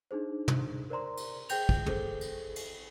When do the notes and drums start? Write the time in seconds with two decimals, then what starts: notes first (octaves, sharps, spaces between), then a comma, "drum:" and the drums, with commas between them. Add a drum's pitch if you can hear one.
0.11 D4 D#4 G#4 C5
0.48 drum: tom
0.90 A#4 C5 D5 A#5 C6
1.17 drum: cymbal
1.49 G#4 C5 G5 G6 F7, drum: cymbal
1.69 drum: kick
1.86 G#4 A4 C5, drum: tom
2.21 drum: cymbal
2.56 drum: cymbal